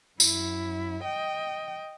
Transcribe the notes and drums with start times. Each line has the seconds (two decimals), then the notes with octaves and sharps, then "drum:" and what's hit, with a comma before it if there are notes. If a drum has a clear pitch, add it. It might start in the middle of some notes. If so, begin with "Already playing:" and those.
0.20 F#2 E4, drum: tambourine
1.04 D#5 G5